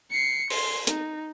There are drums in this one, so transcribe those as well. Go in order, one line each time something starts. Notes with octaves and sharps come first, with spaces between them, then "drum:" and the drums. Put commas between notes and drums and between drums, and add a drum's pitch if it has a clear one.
C7 C#7
C6, drum: open hi-hat
D#4, drum: hi-hat